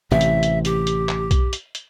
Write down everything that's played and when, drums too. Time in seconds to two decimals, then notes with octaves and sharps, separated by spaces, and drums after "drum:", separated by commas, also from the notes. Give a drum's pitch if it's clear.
0.11 A1 C3 E3 E5
0.21 drum: hi-hat
0.43 drum: hi-hat
0.65 G4, drum: hi-hat
0.87 drum: hi-hat
1.09 drum: clap
1.31 drum: kick B1, hi-hat
1.53 drum: hi-hat
1.75 drum: hi-hat